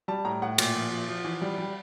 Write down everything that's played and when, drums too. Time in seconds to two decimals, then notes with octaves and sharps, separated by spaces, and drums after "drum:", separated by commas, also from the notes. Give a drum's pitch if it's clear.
0.08 G3 A5
0.25 A2 A#5
0.42 A2 F#5
0.58 A#2, drum: cymbal
0.75 F3
0.91 F3
1.08 F3
1.25 E3
1.42 G3
1.58 G3